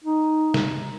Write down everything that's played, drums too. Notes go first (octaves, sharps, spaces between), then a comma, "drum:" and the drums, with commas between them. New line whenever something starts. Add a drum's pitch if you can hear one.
D#4
drum: snare